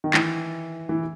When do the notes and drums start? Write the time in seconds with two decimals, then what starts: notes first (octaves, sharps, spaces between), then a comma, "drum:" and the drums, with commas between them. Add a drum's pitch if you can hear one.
0.04 D#3
0.14 E3, drum: clap
0.89 E3